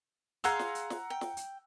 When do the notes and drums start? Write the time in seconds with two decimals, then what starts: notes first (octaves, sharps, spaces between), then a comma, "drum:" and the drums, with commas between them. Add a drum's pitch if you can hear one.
0.44 G#4 F5 F#5 A#5 C6 E6, drum: hi-hat
0.59 drum: snare
0.75 drum: hi-hat
0.90 drum: snare
1.10 G5
1.21 drum: snare
1.37 drum: hi-hat